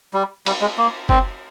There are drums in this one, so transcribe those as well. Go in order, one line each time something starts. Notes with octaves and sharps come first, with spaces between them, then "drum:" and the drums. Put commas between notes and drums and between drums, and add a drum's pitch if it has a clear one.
G3
G3, drum: cymbal
G#3
A#3
C4, drum: kick F#1